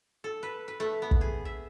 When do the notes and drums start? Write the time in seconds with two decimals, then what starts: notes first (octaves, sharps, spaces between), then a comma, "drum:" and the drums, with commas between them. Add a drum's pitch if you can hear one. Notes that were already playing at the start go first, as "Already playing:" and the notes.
0.24 A4
0.43 B4
0.68 B4
0.80 A3
1.02 B3
1.11 drum: kick
1.21 G#4
1.45 E5